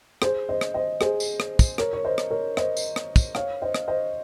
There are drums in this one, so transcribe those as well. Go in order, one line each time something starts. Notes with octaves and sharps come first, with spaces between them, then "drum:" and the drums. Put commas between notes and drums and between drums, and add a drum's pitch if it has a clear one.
G#4 C5, drum: rim click
C5 D#5
drum: rim click
C5 D#5
G#4 C5, drum: rim click
drum: tambourine
drum: rim click
drum: kick, tambourine
A#4 C#5, drum: rim click
C#5
C5 D#5
drum: rim click
A#4 C#5
C5 D#5, drum: rim click
drum: tambourine
drum: rim click
drum: kick, tambourine
C#5 F5, drum: rim click
C5 D#5
drum: rim click
C5 D#5